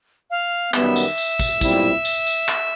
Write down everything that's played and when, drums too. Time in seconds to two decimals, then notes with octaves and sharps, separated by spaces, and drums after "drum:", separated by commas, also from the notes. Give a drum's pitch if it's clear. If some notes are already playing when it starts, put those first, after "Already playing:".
0.30 F5
0.74 F#2 D#3 G3 B3 E5, drum: clap
0.96 drum: tambourine
1.18 drum: tambourine
1.39 drum: kick, tambourine
1.61 B1 A#2 G3 C4 E4, drum: kick, tambourine
2.05 drum: tambourine
2.27 drum: tambourine
2.48 drum: clap